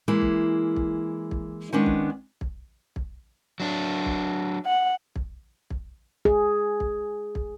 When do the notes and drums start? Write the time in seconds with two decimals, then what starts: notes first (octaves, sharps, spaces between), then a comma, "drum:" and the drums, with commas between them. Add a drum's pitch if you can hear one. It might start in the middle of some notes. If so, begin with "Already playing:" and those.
0.08 E3 G#3 A#3 E4
0.22 drum: kick
0.76 drum: kick
1.31 drum: kick
1.73 D#3 G#3 B3 C#4 D4
1.86 drum: kick
2.41 drum: kick
2.96 drum: kick
3.60 F#3 D4
4.06 drum: kick
4.65 F#5
5.16 drum: kick
5.70 drum: kick
6.25 G#4, drum: kick
6.80 drum: kick
7.35 drum: kick